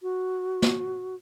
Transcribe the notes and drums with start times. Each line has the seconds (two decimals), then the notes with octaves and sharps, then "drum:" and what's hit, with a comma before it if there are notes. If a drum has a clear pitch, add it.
0.03 F#4
0.62 drum: snare